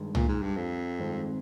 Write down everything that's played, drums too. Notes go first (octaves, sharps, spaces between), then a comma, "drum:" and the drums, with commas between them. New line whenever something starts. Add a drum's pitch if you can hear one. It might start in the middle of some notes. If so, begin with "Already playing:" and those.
Already playing: G2 D#3 G#3
A#2, drum: tom C2
G#2
G2
F2
G2 D#3 G#3 C4